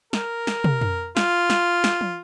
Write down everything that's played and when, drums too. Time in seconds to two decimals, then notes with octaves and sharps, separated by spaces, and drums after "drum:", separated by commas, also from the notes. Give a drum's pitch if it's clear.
0.13 A#4, drum: snare
0.47 drum: snare
0.64 drum: tom
0.81 drum: tom
1.17 F4, drum: snare
1.50 drum: snare
1.84 drum: snare
2.01 drum: tom